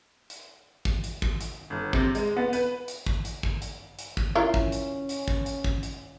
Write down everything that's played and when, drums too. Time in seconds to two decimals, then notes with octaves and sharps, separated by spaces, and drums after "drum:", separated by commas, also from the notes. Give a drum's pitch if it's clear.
0.30 drum: hi-hat
0.85 drum: kick
1.04 drum: hi-hat
1.22 drum: kick
1.41 drum: hi-hat
1.70 G1
1.93 C3, drum: kick
2.15 G#3, drum: hi-hat
2.37 B3
2.53 B4, drum: hi-hat
2.88 drum: hi-hat
3.06 drum: kick
3.25 drum: hi-hat
3.43 drum: kick
3.62 drum: hi-hat
3.99 drum: hi-hat
4.17 drum: kick
4.35 C#4 E4 F4 A#4
4.54 drum: kick
4.72 drum: hi-hat
5.09 drum: hi-hat
5.28 drum: kick
5.46 drum: hi-hat
5.64 drum: kick
5.83 drum: hi-hat